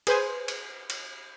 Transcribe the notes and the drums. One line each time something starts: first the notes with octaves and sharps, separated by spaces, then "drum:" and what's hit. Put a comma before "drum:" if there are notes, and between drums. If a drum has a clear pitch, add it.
G#4 B4 C5 G#5, drum: cymbal
drum: cymbal
drum: cymbal